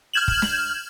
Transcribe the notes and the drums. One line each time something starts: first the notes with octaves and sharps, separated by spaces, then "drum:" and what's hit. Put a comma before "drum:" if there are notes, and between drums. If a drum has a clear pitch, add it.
F6 G6 G#6 E7 F#7
drum: kick
drum: snare